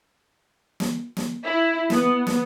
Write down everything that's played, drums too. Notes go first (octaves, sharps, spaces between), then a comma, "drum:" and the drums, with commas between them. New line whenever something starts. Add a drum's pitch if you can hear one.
drum: snare
drum: snare
E4
B3, drum: snare
drum: snare